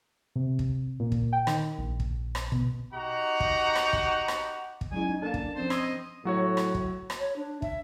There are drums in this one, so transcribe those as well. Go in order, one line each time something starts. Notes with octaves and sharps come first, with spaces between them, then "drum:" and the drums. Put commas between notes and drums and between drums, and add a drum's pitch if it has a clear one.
C3
drum: kick
A#2
drum: kick
G5
D#3, drum: rim click
A#1
drum: kick
drum: rim click
B2, drum: kick
D#4 F#4 G4 F#5 A#5
drum: kick
drum: rim click
drum: kick
drum: rim click
drum: kick
F#3 G#3 C#4 E4 G#5
D#4
A#3 D4 A4 F5 A5
drum: kick
F3 C4 C#4 C5
D#5 C6 E6 G#6, drum: rim click
A2 F#3 F#4 C#5
drum: rim click
drum: kick
drum: rim click
C#5
D4
E5, drum: kick